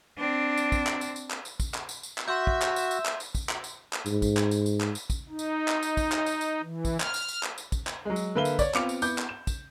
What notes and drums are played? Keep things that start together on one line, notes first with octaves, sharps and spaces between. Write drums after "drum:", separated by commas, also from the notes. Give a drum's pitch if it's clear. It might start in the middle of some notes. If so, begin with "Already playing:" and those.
C4 D4
drum: tambourine
drum: kick, tambourine
drum: clap
drum: tambourine
drum: tambourine
drum: clap
drum: tambourine
drum: kick, tambourine
drum: clap
drum: tambourine
drum: tambourine
drum: clap
F#4 E5 C6 E6 G6
drum: kick
drum: clap
drum: tambourine
drum: tambourine
drum: clap
drum: tambourine
drum: kick, tambourine
drum: clap
drum: tambourine
drum: clap
G#2, drum: tambourine
drum: kick, tambourine
drum: clap
drum: tambourine
drum: tambourine
drum: clap
drum: tambourine
drum: kick, tambourine
D#4
drum: tambourine
drum: clap
drum: tambourine
drum: kick, tambourine
drum: clap
drum: tambourine
drum: tambourine
E3
drum: kick, tambourine
F6, drum: clap
drum: tambourine
drum: tambourine
drum: clap
drum: tambourine
drum: kick, tambourine
drum: clap
F#3 G#3
drum: tambourine
D3 A#3 B4 E5 F5 G7
drum: tambourine
C#5 D5, drum: kick, tambourine
B3 C4 F4 D6 C#7 F7, drum: clap
drum: tambourine
B3 E4 D6 G6, drum: tambourine
drum: clap
E7
drum: kick, tambourine